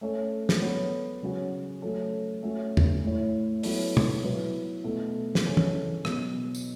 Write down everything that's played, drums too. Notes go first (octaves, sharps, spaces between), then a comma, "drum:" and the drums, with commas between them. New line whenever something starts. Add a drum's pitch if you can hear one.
A3 C#4 A4 C#5
drum: snare
F#3 B3 F#4 A4 C#5
C#3 F#3 C#4 F#4
F#3 A3 C#4 A4
A3 C#4 F#4
drum: tom E2
A2 A3 E4 C#5
F#3 B3 E4 A4 C#5, drum: open hi-hat
drum: tom
F#3 B3 E4 B4
B2 A3 F#4 A4
drum: snare
C#3 E3 C#4 A4
drum: tom
B2 F#3 B3, drum: rim click
drum: tambourine